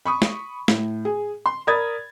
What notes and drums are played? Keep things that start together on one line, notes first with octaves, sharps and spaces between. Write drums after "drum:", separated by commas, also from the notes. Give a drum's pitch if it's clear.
B5 C#6 D#6
drum: snare
A2, drum: snare
G#4
C6
A#4 D5 B5 D#6 G#6 A6